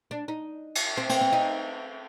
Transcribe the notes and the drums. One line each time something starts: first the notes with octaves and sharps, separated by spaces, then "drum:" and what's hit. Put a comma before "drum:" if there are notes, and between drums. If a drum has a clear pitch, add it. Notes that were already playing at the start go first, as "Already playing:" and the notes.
D4
D#4
drum: cymbal
C4
C4, drum: cymbal
C4
D#4